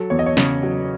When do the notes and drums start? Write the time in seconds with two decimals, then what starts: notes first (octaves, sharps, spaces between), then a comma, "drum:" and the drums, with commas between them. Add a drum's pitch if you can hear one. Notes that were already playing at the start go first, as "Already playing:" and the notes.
Already playing: F#3 A4
0.10 E2 C#5
0.19 D#5
0.26 C#5
0.37 C#3, drum: snare
0.63 F#3